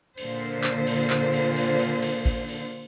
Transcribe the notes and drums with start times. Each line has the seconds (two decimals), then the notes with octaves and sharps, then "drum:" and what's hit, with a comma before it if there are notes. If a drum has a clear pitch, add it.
0.18 A#2 D3 C5, drum: cymbal
0.64 drum: clap
0.87 drum: cymbal
1.10 drum: clap
1.33 drum: cymbal
1.56 drum: cymbal
1.79 drum: cymbal
2.02 drum: cymbal
2.25 drum: kick A1, cymbal
2.49 drum: cymbal